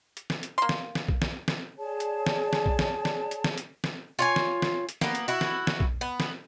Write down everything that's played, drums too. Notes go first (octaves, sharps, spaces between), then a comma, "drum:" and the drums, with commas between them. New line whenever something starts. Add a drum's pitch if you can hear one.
drum: hi-hat
drum: snare
drum: hi-hat
A#3 C6
drum: snare
drum: snare
drum: kick B1
drum: snare
drum: snare
G#4 C#5 D5 A5
drum: hi-hat
drum: snare
drum: snare
drum: kick B1
drum: snare
drum: snare
drum: hi-hat
drum: snare
drum: hi-hat
drum: snare
F4 C#5 G#5
drum: snare
drum: snare
drum: hi-hat
A#3 B3, drum: snare
drum: hi-hat
E4 F#4
drum: snare
drum: snare
drum: kick B1
B3
drum: snare